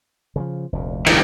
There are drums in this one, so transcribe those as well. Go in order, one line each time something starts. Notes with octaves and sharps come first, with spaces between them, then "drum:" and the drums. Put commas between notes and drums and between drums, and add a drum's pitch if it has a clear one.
C#3 E3 F3
F1 D2 A#2
G2 D#3, drum: cymbal